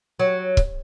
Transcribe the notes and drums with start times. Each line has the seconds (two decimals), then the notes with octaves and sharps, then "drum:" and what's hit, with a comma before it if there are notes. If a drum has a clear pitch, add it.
0.20 F#3
0.57 drum: kick